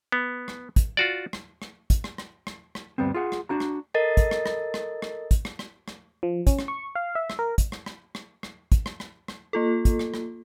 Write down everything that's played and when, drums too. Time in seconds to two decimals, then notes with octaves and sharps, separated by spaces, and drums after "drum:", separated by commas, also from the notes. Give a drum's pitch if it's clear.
0.12 B3
0.48 drum: rim click
0.76 drum: kick, hi-hat
0.97 F4 F#4 D5
1.33 drum: rim click
1.62 drum: rim click
1.90 drum: kick, hi-hat
2.04 drum: rim click
2.18 drum: rim click
2.47 drum: rim click
2.75 drum: rim click
2.98 D2 G2 G3 B3 C4
3.14 F4 G#4 F#5
3.32 drum: rim click
3.49 D4 F#4 A#5
3.60 drum: rim click
3.94 A4 A#4 D#5 A6
4.17 drum: kick, hi-hat
4.31 drum: rim click
4.46 drum: rim click
4.74 drum: rim click
5.02 drum: rim click
5.31 drum: kick, hi-hat
5.45 drum: rim click
5.59 drum: rim click
5.88 drum: rim click
6.23 F3
6.47 C#4, drum: kick, hi-hat
6.59 drum: rim click
6.68 C#6
6.95 F5
7.15 E5
7.30 drum: rim click
7.39 A#4
7.58 drum: kick, hi-hat
7.72 drum: rim click
7.86 drum: rim click
8.15 drum: rim click
8.43 drum: rim click
8.72 drum: kick, hi-hat
8.86 drum: rim click
9.00 drum: rim click
9.28 drum: rim click
9.53 A#3 F4 A4
9.85 drum: kick, hi-hat
9.99 drum: rim click
10.14 drum: rim click